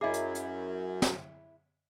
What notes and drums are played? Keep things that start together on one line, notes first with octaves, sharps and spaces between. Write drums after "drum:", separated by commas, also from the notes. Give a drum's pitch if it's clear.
F#2 F#3 E4 G#4 D#5 E5 D6
drum: hi-hat
drum: hi-hat
drum: snare